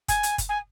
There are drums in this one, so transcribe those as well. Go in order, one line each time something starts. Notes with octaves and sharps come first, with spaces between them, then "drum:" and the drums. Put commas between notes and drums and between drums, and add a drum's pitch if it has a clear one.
G#5, drum: kick, hi-hat
drum: hi-hat
drum: kick, hi-hat
G#5